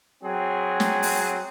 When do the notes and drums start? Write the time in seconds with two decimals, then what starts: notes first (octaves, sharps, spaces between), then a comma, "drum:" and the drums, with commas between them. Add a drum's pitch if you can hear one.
0.22 F#3 C4 G#4
0.80 drum: snare
1.03 drum: open hi-hat